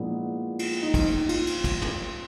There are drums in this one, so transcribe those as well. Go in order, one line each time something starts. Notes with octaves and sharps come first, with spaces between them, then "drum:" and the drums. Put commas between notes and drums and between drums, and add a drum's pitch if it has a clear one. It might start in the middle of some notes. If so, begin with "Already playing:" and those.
Already playing: A#2 F3 G#3 B3 D4 E4
F4, drum: cymbal
D#4
drum: kick, cymbal
D#4
F4, drum: cymbal
drum: cymbal
drum: kick, cymbal
drum: tom